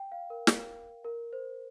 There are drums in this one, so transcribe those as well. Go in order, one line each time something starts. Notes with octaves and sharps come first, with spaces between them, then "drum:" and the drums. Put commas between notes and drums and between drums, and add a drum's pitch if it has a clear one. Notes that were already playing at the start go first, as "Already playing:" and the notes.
Already playing: G5
F5
A#4
A#4, drum: snare
A#4
C5